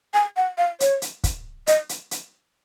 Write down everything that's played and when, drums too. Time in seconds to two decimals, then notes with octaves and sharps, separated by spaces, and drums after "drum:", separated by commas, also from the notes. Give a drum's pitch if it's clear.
0.14 G#5
0.37 F#5
0.58 F5
0.80 C#5, drum: hi-hat
1.02 drum: hi-hat
1.24 drum: kick, hi-hat
1.67 D#5, drum: hi-hat
1.89 drum: hi-hat
2.11 drum: hi-hat